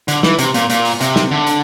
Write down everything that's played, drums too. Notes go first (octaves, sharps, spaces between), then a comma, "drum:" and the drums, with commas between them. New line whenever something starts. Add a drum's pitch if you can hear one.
D3, drum: hi-hat
E3, drum: snare
C3, drum: hi-hat
A#2, drum: hi-hat
A#2, drum: hi-hat
drum: open hi-hat
C3, drum: hi-hat
drum: snare
D3
drum: hi-hat